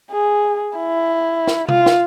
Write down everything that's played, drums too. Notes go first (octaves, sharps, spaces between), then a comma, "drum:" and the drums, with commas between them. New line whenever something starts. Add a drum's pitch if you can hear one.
G#4
E4
drum: snare
F4, drum: tom C3
drum: snare